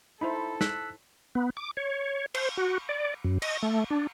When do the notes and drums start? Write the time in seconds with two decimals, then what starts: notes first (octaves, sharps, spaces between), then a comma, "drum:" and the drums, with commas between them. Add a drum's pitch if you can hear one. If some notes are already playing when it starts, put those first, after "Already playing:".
0.21 D#4 E4 A4 C5 B5
0.61 E6 F#6 B6, drum: snare
1.35 B3
1.57 D6
1.77 C#5
2.34 C5, drum: cymbal
2.57 F#4
2.89 D5
3.24 F#2
3.42 D#5, drum: cymbal
3.63 A3
3.90 D4